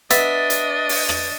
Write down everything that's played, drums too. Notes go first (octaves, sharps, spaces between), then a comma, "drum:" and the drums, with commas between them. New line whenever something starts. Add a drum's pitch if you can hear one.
B3 D4 D#5 E5 A6, drum: hi-hat
drum: hi-hat
drum: open hi-hat
drum: rim click